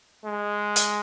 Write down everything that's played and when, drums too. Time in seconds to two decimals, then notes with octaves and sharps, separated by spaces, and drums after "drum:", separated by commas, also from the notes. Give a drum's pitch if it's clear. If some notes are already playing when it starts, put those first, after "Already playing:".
0.25 G#3
0.76 drum: hi-hat